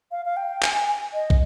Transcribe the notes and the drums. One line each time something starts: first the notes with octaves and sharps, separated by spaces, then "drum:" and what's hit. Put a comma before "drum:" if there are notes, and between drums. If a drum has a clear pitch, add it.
F5
F5
G5
G#5, drum: clap
G#5
G#5
D#5
drum: kick